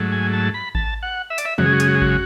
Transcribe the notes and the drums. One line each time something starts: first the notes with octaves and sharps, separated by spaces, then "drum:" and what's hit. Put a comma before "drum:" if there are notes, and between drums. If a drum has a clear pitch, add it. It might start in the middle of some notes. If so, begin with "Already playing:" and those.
Already playing: G#2 F#3 A3
G#5
A5
B5
A5, drum: kick G#1
F#5
E5
D5, drum: hi-hat
E5
F#2 C#3 G#3 F#4, drum: tom
G#4
F#4
G#4, drum: hi-hat
F#4
G#4
F#4, drum: kick G#1